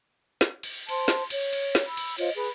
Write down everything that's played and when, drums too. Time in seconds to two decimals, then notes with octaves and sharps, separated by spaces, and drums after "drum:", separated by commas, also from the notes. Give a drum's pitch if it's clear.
0.41 drum: snare
0.63 drum: cymbal
0.89 C5 A5 C6, drum: cymbal
1.08 drum: snare
1.30 C#5, drum: cymbal
1.53 drum: cymbal
1.75 drum: snare
1.86 B5 E6
1.97 drum: cymbal
2.18 F4 C5 C#5 D#5, drum: cymbal
2.35 G#4 B4 B5